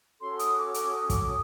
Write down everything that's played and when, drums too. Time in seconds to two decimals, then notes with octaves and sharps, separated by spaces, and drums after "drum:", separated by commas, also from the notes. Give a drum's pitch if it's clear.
0.21 C#4 F#4 A4 C#5 C6
0.39 D#6, drum: hi-hat
0.57 D6
0.74 drum: hi-hat
0.92 D#6
1.10 D6, drum: kick, hi-hat
1.27 D#6